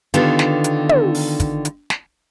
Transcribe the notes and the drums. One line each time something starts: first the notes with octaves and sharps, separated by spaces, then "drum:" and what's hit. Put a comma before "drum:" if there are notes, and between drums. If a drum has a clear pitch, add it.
D3 D#3 B3 F4 G4, drum: hi-hat
drum: snare
drum: hi-hat
drum: tom
drum: open hi-hat
drum: kick, hi-hat
drum: hi-hat
drum: snare